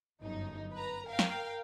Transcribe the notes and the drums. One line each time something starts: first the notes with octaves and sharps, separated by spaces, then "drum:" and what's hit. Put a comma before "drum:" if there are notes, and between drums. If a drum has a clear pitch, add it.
G1 F#2 D#4
B4 A#5
A#4 F5 G5
drum: snare